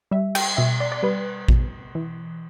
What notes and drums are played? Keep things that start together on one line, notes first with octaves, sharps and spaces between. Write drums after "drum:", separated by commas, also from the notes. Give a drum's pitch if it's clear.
G3 E5
G5, drum: cymbal
B2 E5
D5
D5
G3 B4
B2, drum: kick A1
E3